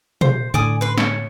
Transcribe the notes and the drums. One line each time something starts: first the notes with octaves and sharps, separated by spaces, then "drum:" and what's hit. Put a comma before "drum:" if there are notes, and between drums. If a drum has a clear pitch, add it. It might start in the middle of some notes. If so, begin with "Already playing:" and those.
C5, drum: tom
A2 D3 D5 G#5 D#6
B4 C6
C#5, drum: snare